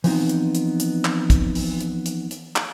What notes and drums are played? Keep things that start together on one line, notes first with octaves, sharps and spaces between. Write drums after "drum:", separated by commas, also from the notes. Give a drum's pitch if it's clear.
E3 F3 G3 B3 C4 D#4, drum: open hi-hat
drum: hi-hat
drum: hi-hat
drum: hi-hat
drum: clap
drum: kick, hi-hat
drum: open hi-hat
drum: hi-hat
drum: hi-hat
drum: hi-hat
drum: clap